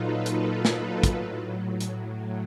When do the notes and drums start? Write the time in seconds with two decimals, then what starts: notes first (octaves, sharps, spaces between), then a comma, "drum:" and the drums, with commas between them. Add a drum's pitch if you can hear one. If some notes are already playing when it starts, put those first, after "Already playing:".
Already playing: A#2 F#3 D#4 F4 A4 B4
0.26 A4 B4, drum: hi-hat
0.65 A4 B4, drum: snare
1.03 A2 F#3, drum: kick, hi-hat
1.80 drum: hi-hat